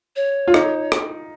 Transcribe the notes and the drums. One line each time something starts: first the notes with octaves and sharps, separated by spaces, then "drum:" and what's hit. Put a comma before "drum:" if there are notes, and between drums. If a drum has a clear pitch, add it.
C#5
F4
D#4, drum: rim click
drum: rim click